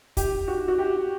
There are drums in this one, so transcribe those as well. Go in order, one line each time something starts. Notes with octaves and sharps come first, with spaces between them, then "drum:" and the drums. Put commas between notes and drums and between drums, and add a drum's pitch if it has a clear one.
G4, drum: kick, hi-hat
F#4
F#4
G4